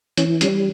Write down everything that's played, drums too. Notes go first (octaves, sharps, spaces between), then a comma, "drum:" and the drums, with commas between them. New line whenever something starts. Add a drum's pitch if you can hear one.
E3 C#4, drum: hi-hat
G3 C#4, drum: hi-hat